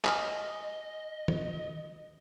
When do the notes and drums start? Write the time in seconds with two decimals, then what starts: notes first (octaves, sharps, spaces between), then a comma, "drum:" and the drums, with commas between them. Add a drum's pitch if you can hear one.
0.05 D#5 G#5 D#6 F6, drum: clap
1.28 drum: tom D#3